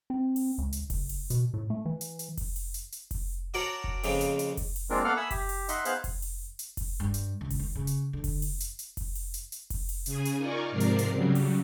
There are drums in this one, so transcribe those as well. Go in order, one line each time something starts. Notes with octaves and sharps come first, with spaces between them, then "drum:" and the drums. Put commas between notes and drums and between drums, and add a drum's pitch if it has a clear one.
C4
drum: open hi-hat
C#2
drum: hi-hat
F#1, drum: kick F1, open hi-hat
drum: open hi-hat
B2, drum: hi-hat
A2
A3
E3
drum: hi-hat
drum: hi-hat
drum: kick F1, open hi-hat
drum: open hi-hat
drum: hi-hat
drum: hi-hat
drum: kick F1, open hi-hat
D4 F#4 A#4 C#5 D5
drum: kick F1
F2 C#3 G#3 A#3, drum: open hi-hat
drum: hi-hat
drum: hi-hat
drum: kick F1, open hi-hat
drum: open hi-hat
G#3 A#3 C4 D4 F4 A#4
A#3 B3 A4 F5 F#5 F6
E5 G#5 B5 D#6 E6
G4, drum: kick F1, open hi-hat
drum: open hi-hat
D#4 D#5 E5 F#5 C6, drum: hi-hat
B3 G#4 C5 F5 F#6, drum: hi-hat
drum: kick F1, open hi-hat
drum: open hi-hat
drum: hi-hat
drum: kick F1, open hi-hat
G2
drum: hi-hat
C#2
drum: kick F1, open hi-hat
D#3
C#3
drum: hi-hat
D3
drum: kick F1, open hi-hat
drum: open hi-hat
drum: hi-hat
drum: hi-hat
drum: kick F1, open hi-hat
drum: open hi-hat
drum: hi-hat
drum: hi-hat
drum: kick F1, open hi-hat
drum: open hi-hat
C#3 G#4 G#5, drum: hi-hat
drum: hi-hat
D#4 F4 A#4 D5 G#5 C#6
G#2 C3 F3 A#4 D5 C7
drum: hi-hat
drum: hi-hat
C#3 F#3 G3
drum: open hi-hat